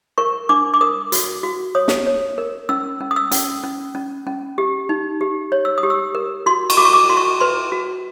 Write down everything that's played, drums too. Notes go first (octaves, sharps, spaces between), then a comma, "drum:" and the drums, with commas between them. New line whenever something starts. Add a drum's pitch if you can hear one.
A#4 C#6
D4 D6
D6
A#4 D#6
F#4, drum: hi-hat
F#4
C#5 D#6
drum: snare
C#5
A#4
C#4 E6
C#4
D#6
E6
C#4, drum: hi-hat
C#4
C#4
C#4
G4
D#4
G4
C#5
E6
D#6
G4
E6
A#4
F#4 C6
C#6, drum: cymbal
F#4 D6
C#6
D6
F#4 C6
C#6
B4 C6
F#4